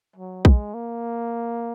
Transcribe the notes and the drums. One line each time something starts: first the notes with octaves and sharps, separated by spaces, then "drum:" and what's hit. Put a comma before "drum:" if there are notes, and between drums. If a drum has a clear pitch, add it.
F#3
G#3, drum: kick A#1
A#3